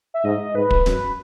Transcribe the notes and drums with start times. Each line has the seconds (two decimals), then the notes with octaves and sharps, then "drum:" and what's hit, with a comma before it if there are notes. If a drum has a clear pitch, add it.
0.14 E5
0.25 G#2 D#5
0.55 G#2 B4
0.70 drum: kick
0.86 F#2, drum: snare